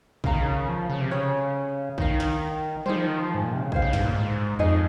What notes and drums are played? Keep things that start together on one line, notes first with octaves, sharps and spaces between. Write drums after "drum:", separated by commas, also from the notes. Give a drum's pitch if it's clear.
C#3 A#4 F5 A#5, drum: kick A#1
D#3
C#3
F3
C#3
C3
C#3 C#4 G4 C#5
D#3 D#4 A#4 F5, drum: kick A#1
drum: snare
G3 D#4 G#4 C5
F3
D#3
F3
G#2
A#2
C3
C#3
D#3 G#4 C5 F5, drum: kick A#1
C#3
G2, drum: snare
A#2
G#2
F2 D#4 G#4 D#5